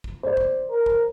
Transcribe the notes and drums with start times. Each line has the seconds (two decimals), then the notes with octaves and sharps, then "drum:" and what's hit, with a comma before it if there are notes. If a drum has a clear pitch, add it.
0.04 drum: kick
0.23 C5 D5
0.37 drum: kick
0.70 A#4
0.86 drum: kick